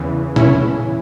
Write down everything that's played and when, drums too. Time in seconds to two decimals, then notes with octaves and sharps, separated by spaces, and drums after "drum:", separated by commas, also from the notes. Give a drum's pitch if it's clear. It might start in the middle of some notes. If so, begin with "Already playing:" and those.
Already playing: E2 C#3 E3
0.36 C#4 E4, drum: tom A#2